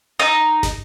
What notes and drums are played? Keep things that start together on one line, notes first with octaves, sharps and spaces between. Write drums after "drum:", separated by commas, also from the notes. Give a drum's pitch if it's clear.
D#4
drum: snare